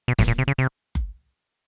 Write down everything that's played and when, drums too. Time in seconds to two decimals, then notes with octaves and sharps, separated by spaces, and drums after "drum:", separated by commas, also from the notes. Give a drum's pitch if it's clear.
0.08 B2
0.19 A2, drum: snare
0.28 A#2
0.38 C3
0.48 C#3
0.58 C3
0.95 drum: kick F#1